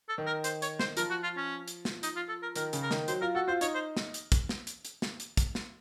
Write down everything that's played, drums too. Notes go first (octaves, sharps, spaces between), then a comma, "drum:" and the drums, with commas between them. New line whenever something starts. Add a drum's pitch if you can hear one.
A4
D#3
A#4
C5, drum: hi-hat
C#5, drum: hi-hat
C5, drum: snare
F3 A#4, drum: hi-hat
F#4
F4
C#4
drum: hi-hat
drum: snare
D#4, drum: hi-hat
F4
A4
A#4
D#3 A#4, drum: hi-hat
C#3, drum: hi-hat
A#4
D#3, drum: snare
F#3 C5, drum: hi-hat
F4 A#4
F#4 A4
F4 C5
D#4 C#5, drum: hi-hat
C5
drum: snare
drum: hi-hat
drum: kick, hi-hat
drum: snare
drum: hi-hat
drum: hi-hat
drum: snare
drum: hi-hat
drum: kick, hi-hat
drum: snare